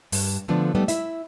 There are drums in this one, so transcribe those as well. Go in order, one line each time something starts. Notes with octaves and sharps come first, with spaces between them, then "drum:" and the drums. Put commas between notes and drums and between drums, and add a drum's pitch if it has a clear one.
G2, drum: open hi-hat
D3 F3 A3 B3 D4
G3 A3 B3 D#4
E4 E5, drum: hi-hat